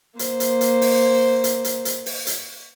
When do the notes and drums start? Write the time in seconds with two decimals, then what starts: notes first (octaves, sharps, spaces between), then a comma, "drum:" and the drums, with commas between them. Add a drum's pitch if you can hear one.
0.19 A#3 C5, drum: hi-hat
0.40 drum: hi-hat
0.61 drum: hi-hat
0.82 drum: open hi-hat
1.44 drum: hi-hat
1.64 drum: hi-hat
1.85 drum: hi-hat
2.06 drum: open hi-hat
2.27 drum: hi-hat